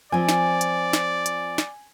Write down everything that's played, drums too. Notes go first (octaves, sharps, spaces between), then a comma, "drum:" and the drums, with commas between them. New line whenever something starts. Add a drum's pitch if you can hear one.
F3 C4 D5 G#5
drum: snare
drum: hi-hat
drum: snare
drum: hi-hat
drum: snare